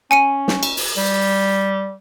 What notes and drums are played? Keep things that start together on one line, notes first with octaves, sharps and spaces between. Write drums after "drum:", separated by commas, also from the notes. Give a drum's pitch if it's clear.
C#4 G#5 C#7 D#7
drum: snare
drum: cymbal
drum: open hi-hat
G3